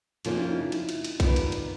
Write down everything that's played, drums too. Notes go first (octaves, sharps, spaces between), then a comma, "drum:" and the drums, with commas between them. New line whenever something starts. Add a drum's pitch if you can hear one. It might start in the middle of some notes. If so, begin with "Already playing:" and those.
F2 C#3 F3 A#3 C#4 D#4 F4, drum: cymbal
D4 E4
D#4 F4
D#4 F4
D4 E4, drum: cymbal
drum: cymbal
drum: cymbal
G2 D#3 G3 B3 D#4 F4, drum: kick B1, cymbal
drum: cymbal
drum: cymbal